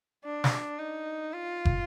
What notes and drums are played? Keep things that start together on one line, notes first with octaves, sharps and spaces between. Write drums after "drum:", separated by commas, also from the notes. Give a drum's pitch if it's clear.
D4
drum: snare
D#4
F4
drum: kick